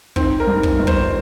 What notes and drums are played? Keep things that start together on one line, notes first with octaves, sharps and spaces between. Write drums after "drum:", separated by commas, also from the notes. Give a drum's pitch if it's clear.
D#3 C4, drum: kick
A#4
G2
drum: kick
G1
C5, drum: kick